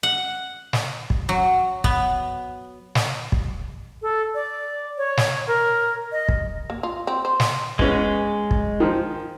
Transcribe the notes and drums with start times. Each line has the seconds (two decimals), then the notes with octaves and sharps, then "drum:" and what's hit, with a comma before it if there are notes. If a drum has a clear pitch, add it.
0.03 F#5
0.73 drum: snare
1.10 drum: kick
1.29 F#3
1.84 B3, drum: kick
2.95 drum: snare
3.32 drum: kick
4.02 A4
4.34 D5
4.98 C#5
5.17 drum: snare
5.47 A#4
6.12 D#5
6.29 drum: kick
6.70 A#3
6.83 F4
7.07 C4
7.25 C5
7.40 drum: snare
7.79 G#3 B3 C#4, drum: kick
8.51 drum: kick
8.80 D#3 F3